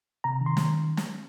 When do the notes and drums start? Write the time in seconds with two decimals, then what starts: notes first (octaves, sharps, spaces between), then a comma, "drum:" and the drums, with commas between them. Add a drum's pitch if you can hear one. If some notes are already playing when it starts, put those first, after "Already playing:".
0.24 C3 A#5
0.41 D#3
0.46 C6
0.57 D#3, drum: snare
0.97 drum: snare